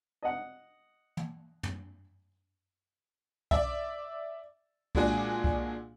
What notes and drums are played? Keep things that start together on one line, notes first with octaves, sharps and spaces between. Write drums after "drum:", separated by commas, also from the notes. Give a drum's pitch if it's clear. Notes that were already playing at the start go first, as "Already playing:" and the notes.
D#5 F#5
drum: tom
drum: tom
D5 E5, drum: kick B1
A#2 G#3 D4 F#4 G#4, drum: kick B1
drum: kick B1